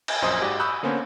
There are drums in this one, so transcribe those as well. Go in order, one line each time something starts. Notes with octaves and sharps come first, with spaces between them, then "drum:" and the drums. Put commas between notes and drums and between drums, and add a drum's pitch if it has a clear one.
drum: cymbal
A#1 F#2 C5 D#5 D#6
G#2 F#4 G4 D5
B5 C#6 D#6 E6 F#6 G6
D3 A#3 B3 C#4 C5 C#5